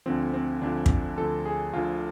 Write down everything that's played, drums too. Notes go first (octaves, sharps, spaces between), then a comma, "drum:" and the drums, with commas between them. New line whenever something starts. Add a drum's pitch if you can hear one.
D2 D3 F3 C4
C4
D2 D3 F3 D4
drum: kick
D2 D3 F3 A4
G#4
D2 D3 F3 F4